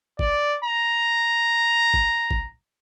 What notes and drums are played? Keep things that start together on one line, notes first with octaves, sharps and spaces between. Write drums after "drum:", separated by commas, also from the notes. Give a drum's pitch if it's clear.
D5, drum: kick
A#5
drum: kick
drum: kick